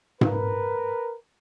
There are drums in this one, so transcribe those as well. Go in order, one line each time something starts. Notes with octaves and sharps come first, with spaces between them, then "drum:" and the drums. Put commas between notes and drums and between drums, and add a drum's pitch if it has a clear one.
A#4 B4, drum: tom G#2